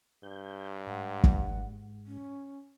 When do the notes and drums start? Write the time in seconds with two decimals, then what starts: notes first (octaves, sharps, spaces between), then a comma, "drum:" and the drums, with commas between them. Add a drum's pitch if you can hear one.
0.23 G2 G6
0.87 G#2 F#5
1.24 drum: kick
2.07 C#4